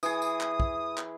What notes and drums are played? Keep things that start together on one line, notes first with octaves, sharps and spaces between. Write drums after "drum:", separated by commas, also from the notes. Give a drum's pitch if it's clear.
E3 G#4 D#6, drum: tambourine
drum: tambourine
drum: clap
drum: kick
drum: clap